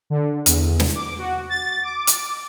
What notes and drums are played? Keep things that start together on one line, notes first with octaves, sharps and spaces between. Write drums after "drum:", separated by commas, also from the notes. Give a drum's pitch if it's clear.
D3
E2, drum: hi-hat
drum: snare
D6
F#4
A6
D6
drum: hi-hat